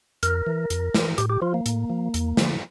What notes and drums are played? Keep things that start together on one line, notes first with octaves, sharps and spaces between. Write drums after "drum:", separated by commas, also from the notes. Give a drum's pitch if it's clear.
F2 A#4, drum: hi-hat
E3
F2, drum: hi-hat
E3, drum: snare
A2 G4, drum: hi-hat
G4
F3 F4
A#3
A2, drum: hi-hat
F3
E2, drum: hi-hat
D3 F3, drum: snare